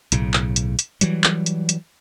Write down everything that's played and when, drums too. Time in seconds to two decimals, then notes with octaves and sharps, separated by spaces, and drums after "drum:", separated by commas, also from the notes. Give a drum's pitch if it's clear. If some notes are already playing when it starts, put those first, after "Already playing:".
0.12 B1 A2 C#3, drum: hi-hat
0.34 drum: clap
0.56 drum: hi-hat
0.79 drum: hi-hat
1.01 E3 F#3 G3, drum: hi-hat
1.24 drum: clap
1.46 drum: hi-hat
1.69 drum: hi-hat